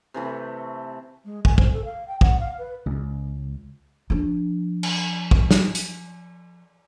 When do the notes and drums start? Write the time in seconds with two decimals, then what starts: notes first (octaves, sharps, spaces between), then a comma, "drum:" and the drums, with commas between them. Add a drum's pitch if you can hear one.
0.14 C3 E3 A3
1.25 G#3
1.45 G#5, drum: kick
1.58 C5, drum: kick
1.73 A4
1.85 F5
2.08 G5
2.21 F#5, drum: kick
2.40 F5
2.58 B4
2.86 C#2
4.10 F3 D4
4.83 drum: cymbal
5.31 drum: kick
5.51 drum: snare
5.75 drum: hi-hat